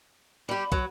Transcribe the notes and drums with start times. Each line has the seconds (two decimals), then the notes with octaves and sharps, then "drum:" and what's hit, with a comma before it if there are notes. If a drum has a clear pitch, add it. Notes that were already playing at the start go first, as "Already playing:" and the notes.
0.49 G3 G4 B5
0.72 F#3, drum: kick